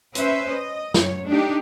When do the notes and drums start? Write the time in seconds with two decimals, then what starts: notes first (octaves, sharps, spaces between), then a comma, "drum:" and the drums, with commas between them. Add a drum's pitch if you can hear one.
0.15 C#4 B4 C5 E5, drum: hi-hat
0.50 D#5
0.94 F#2 C#5, drum: snare
1.27 A3 D4 D#4 G4